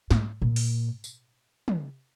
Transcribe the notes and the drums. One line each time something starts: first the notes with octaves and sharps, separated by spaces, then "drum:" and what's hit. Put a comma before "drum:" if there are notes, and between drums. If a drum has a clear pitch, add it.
A2, drum: snare
A#2
drum: open hi-hat
drum: tambourine
drum: tom